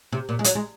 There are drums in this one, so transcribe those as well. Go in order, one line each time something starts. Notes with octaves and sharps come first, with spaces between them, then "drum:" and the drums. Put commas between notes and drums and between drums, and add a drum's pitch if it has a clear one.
C3
A#2
G#3
F#3, drum: hi-hat
G#3